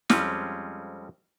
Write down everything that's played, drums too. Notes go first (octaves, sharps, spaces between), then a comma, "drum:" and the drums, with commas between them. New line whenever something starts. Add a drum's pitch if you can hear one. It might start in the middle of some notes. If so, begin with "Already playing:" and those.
F2 G3 G#3 C4 C#4 F4, drum: snare